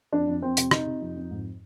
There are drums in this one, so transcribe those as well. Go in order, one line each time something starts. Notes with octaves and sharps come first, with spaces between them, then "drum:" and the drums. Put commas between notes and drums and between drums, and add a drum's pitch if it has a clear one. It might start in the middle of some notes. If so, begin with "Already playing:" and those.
F2 D4
F2
F2 C4
C3, drum: hi-hat
C3 D#4, drum: rim click
C3
F2
F2
G#2